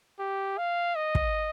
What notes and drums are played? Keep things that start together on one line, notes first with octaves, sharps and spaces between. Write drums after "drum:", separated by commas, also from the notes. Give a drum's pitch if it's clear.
G4
F5
D#5
drum: kick